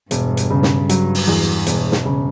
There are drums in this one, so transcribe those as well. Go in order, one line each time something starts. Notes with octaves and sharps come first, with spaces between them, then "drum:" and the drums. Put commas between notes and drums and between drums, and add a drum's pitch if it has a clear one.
E1 G2, drum: hi-hat
drum: hi-hat
C#3
drum: snare
F#3, drum: hi-hat
drum: open hi-hat
E2
E1, drum: hi-hat
drum: snare
C#3